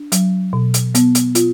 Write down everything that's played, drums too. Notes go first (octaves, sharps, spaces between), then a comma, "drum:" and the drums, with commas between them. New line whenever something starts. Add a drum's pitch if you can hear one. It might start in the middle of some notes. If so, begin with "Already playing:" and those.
Already playing: D4
F#3, drum: hi-hat
B2
drum: hi-hat
B3, drum: hi-hat
drum: hi-hat
F4, drum: hi-hat